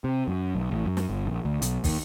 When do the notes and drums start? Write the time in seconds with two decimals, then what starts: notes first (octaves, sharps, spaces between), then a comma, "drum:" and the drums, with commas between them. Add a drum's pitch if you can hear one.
0.04 C3
0.28 F#2
0.55 B1
0.71 A1
0.86 F#2
0.97 drum: snare
1.10 G1
1.26 A#1
1.45 D2
1.62 B1, drum: hi-hat
1.84 D#2, drum: kick, open hi-hat